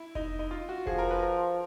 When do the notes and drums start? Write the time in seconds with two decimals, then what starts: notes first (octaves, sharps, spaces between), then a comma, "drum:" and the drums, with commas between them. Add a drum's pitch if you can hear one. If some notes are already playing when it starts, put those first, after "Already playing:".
Already playing: E4
0.15 D#4, drum: kick F1
0.39 D#4
0.51 F4
0.69 F#4
0.87 F3 G#4, drum: kick F1
0.98 A#4
1.11 B4
1.23 A#4